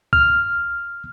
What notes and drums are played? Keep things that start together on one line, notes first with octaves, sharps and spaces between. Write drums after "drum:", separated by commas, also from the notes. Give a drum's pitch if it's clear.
F6, drum: kick C#2